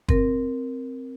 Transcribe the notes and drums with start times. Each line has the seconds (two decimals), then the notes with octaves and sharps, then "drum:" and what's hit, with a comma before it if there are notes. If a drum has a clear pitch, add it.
0.09 C4 A#4, drum: kick